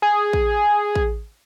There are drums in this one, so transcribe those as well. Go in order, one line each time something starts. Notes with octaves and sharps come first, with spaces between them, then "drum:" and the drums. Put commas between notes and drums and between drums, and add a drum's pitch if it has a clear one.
G#4
drum: kick
drum: kick